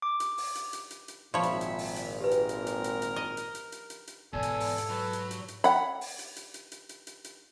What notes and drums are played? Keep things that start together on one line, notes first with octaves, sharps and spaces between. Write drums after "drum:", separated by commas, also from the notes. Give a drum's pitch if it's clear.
D6
drum: hi-hat
drum: open hi-hat
drum: hi-hat
drum: hi-hat
drum: hi-hat
drum: hi-hat
G#1 A#2 F3 C#5 D5 E5 B5
drum: hi-hat
drum: hi-hat
drum: open hi-hat
drum: hi-hat
G4 A#4 B4
drum: hi-hat
drum: hi-hat
drum: hi-hat
drum: hi-hat
drum: hi-hat
D#5
drum: hi-hat
drum: hi-hat
drum: hi-hat
drum: hi-hat
drum: hi-hat
E2 G#2 B2 A4 G#5
drum: hi-hat
drum: open hi-hat
drum: hi-hat
F#3 B4
drum: hi-hat
drum: hi-hat
drum: hi-hat
F#5 B5, drum: hi-hat
drum: open hi-hat
drum: hi-hat
drum: hi-hat
drum: hi-hat
drum: hi-hat
drum: hi-hat
drum: hi-hat
drum: hi-hat